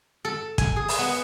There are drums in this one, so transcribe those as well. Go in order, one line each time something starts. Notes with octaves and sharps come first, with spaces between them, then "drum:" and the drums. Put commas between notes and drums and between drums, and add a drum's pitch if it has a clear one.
A4
G#5, drum: kick, hi-hat
G#4
drum: open hi-hat
B3